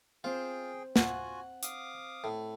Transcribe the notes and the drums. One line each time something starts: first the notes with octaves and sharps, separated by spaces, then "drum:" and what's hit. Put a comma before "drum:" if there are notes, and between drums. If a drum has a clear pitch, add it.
C4 F4 G#4 C5 G5
F4 F#4 F#5 G#5, drum: snare
F5 D6 D#6, drum: hi-hat
A2